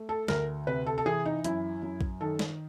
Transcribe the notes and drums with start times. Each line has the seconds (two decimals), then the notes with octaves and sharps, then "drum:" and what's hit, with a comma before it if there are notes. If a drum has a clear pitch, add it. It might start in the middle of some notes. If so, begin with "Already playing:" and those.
Already playing: A3
0.09 A4
0.28 D2 A#4, drum: snare
0.67 C3 B4
0.86 A4
0.98 A4
1.06 E3 G#4
1.26 D#4
1.44 F#2 E4, drum: hi-hat
1.83 F#2
2.01 drum: kick A#1
2.21 D#3 A4
2.39 drum: snare